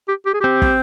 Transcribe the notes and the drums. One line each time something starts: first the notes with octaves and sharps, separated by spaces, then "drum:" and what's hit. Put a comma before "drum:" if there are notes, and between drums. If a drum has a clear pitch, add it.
G4
G4
G#4
C4 G4
drum: kick